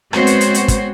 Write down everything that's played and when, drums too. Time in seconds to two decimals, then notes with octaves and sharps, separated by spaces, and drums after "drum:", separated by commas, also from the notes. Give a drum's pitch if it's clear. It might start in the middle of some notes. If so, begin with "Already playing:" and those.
0.13 G#3 B3 C4 F#4 C5 C#5, drum: rim click
0.27 drum: hi-hat
0.41 drum: hi-hat
0.54 drum: hi-hat
0.68 drum: kick, hi-hat